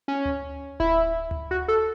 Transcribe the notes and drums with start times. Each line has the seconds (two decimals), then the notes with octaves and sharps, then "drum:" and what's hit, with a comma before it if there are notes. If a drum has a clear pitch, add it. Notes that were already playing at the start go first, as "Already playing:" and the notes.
0.08 C#4
0.25 drum: tom D2
0.80 E4, drum: kick D1
1.31 drum: tom D2
1.51 F#4
1.68 A4